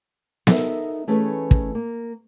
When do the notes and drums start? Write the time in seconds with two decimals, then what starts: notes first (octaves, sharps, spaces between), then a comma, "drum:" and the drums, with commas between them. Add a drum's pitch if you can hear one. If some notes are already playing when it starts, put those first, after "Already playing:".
0.47 B3 D#4 E4 A4 A#4 E5, drum: snare B3
1.07 E3 A3 C#4 D#4 G#4 B4
1.51 drum: kick
1.75 A#3